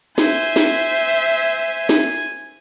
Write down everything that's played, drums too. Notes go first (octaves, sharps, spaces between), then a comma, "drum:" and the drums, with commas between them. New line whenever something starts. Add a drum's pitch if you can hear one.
C5 E5 G#5, drum: snare
drum: snare
drum: snare